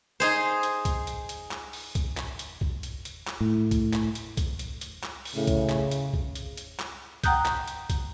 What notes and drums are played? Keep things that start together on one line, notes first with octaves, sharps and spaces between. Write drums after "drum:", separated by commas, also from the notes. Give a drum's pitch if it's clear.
D#4 G#4 C5
drum: hi-hat
drum: kick, hi-hat
drum: hi-hat
drum: hi-hat
drum: clap
drum: open hi-hat
drum: kick, hi-hat
drum: clap
drum: hi-hat
drum: kick
drum: hi-hat
drum: hi-hat
drum: clap
A2
drum: kick, hi-hat
drum: clap
drum: hi-hat
drum: kick, hi-hat
drum: hi-hat
drum: hi-hat
drum: clap
drum: open hi-hat
A2 C#3
drum: kick, hi-hat
drum: clap
drum: hi-hat
drum: kick
drum: hi-hat
drum: hi-hat
drum: clap
F#5 G5 A#5 D#6 F#6 G6, drum: kick, hi-hat
drum: clap
drum: hi-hat
drum: kick, hi-hat